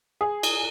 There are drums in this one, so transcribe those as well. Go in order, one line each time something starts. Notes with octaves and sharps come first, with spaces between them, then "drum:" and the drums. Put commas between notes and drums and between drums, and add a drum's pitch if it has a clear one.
G#4
drum: cymbal